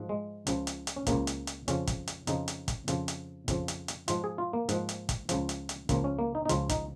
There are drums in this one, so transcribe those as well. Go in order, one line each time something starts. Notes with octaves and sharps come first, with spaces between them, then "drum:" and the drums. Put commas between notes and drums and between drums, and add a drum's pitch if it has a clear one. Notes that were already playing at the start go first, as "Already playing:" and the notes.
Already playing: G#2 F3
G#3
C#2 C#3 F3, drum: hi-hat
drum: hi-hat
drum: hi-hat
C#4
C#2 C#3 F3 A#3, drum: kick, hi-hat
drum: hi-hat
drum: hi-hat
F2 C#3 F3 C#4, drum: hi-hat
drum: kick, hi-hat
drum: hi-hat
F2 C#3 F3 D#4, drum: hi-hat
drum: hi-hat
drum: kick, hi-hat
F2 C#3 F3, drum: hi-hat
drum: hi-hat
F2 C#3 F3, drum: kick, hi-hat
drum: hi-hat
drum: hi-hat
G#2 F3 F4, drum: hi-hat
G#4
F4
A#3
G#2 F3, drum: hi-hat
drum: hi-hat
drum: kick, hi-hat
C#2 C#3 F3, drum: hi-hat
drum: hi-hat
drum: hi-hat
C#2 C#3 F3 A#3, drum: kick, hi-hat
C#4
A#3
D#4
D#4
C#2 C#3 F3 F4, drum: hi-hat
D#4, drum: kick, hi-hat